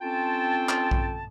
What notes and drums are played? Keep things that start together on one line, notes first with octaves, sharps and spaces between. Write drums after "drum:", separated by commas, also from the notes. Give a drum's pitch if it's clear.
C4 C#4 F4 A4 G5 A5
drum: clap
drum: kick A#1